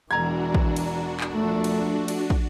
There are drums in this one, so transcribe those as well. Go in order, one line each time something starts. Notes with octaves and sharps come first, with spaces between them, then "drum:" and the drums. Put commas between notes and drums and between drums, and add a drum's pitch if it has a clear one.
E1 E3 D4 F#4 A#5 G#6
drum: kick
drum: cymbal
drum: clap
F3 A3
drum: cymbal
drum: cymbal
drum: kick